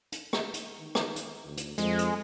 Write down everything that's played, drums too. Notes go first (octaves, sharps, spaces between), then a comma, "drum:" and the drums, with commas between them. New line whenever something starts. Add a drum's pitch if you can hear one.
drum: hi-hat
drum: rim click
drum: hi-hat
D#3
drum: rim click
drum: hi-hat
D2
drum: hi-hat
F2 G#3, drum: hi-hat
drum: hi-hat